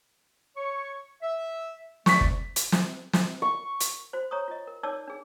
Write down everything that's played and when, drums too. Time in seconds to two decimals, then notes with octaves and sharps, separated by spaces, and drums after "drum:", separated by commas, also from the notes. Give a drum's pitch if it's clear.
0.56 C#5 C#6
1.22 E5
2.06 A3 D5 C#6 B6, drum: snare
2.21 drum: kick F#1
2.56 drum: hi-hat
2.72 drum: snare
3.13 drum: snare
3.42 C#6
3.80 drum: hi-hat
4.13 F#4 C5
4.31 C#5 A#5 C#6 D#6
4.48 F4 D#5
4.67 A#4
4.83 D#4 C#5 D5 A5 D6 E6
5.07 D4 G#4